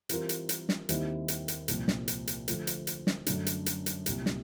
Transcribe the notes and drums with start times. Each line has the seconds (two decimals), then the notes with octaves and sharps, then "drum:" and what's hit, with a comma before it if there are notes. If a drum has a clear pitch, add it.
0.09 E3 G3 C4 F4 A#4, drum: hi-hat
0.29 drum: hi-hat
0.49 drum: hi-hat
0.69 drum: snare
0.89 D#2 D#3 G3 C4 E4, drum: hi-hat
1.28 drum: hi-hat
1.48 drum: hi-hat
1.68 C2 A#2 F3, drum: hi-hat
1.88 drum: snare
2.08 drum: hi-hat
2.27 drum: hi-hat
2.48 D3 F3 A3, drum: hi-hat
2.67 drum: hi-hat
2.87 drum: hi-hat
3.07 drum: snare
3.26 F#2 D3 F#3 A3 D4, drum: hi-hat
3.46 drum: hi-hat
3.66 drum: hi-hat
3.86 drum: hi-hat
4.06 C2 A#2 G3, drum: hi-hat
4.26 drum: snare